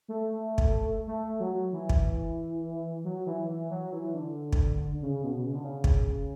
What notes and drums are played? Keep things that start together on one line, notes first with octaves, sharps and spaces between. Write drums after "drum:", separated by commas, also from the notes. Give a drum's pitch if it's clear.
A3
drum: kick
A3
F#3
E3
drum: kick
F#3
E3
E3
F#3
E3
D3
drum: kick
C#3
B2
C#3
D3
C#3
drum: kick